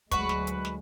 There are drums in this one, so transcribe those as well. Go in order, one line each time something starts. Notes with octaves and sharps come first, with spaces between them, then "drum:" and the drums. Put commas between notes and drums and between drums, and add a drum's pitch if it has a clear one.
D2 F#3 G#3 F#4 B4 C#6, drum: kick, hi-hat
drum: snare
drum: hi-hat
drum: snare